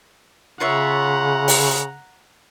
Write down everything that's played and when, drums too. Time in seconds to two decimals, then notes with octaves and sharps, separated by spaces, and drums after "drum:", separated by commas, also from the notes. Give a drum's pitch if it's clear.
0.60 C#3 F4 C#5 E5 F#5 A#5
1.48 drum: open hi-hat